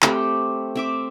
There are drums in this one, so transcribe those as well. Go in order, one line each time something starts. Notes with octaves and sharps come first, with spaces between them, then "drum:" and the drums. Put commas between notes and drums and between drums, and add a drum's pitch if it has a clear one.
A3 C4 G4, drum: clap
C4 E5 D6